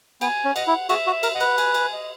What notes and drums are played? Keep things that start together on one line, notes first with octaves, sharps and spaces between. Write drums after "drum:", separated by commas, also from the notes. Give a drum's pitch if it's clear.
B3 G#5, drum: cymbal
C#4
D#5 F#5, drum: cymbal
E4
F#4 G#4 E5, drum: cymbal
F#4
E5
A#4, drum: cymbal
D#5 F#5
B4, drum: cymbal
G#5, drum: cymbal
G#5, drum: cymbal
D#5